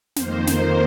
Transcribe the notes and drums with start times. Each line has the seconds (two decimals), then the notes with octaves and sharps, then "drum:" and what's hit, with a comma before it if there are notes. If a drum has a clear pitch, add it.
0.16 F2 D#3 A#3 C5, drum: snare
0.47 drum: snare